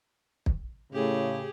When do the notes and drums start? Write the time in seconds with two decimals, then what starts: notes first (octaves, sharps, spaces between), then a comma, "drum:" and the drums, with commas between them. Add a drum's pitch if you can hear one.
0.46 drum: kick
0.93 A2 C#3 G4 G#4